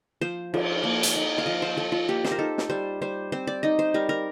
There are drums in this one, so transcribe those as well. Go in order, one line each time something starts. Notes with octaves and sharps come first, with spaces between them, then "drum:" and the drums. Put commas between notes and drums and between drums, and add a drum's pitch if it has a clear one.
F3 C5
F3, drum: cymbal
A#3
drum: hi-hat
D#4
F5
F3 D#5
C5
F3 A4
F4
A#3 G4
C5, drum: snare
A#4
D#4 A4
drum: snare
G3 C5
G3 C5
C4 C5
D5
D#4 D#5
C5
G3 A#4
A#4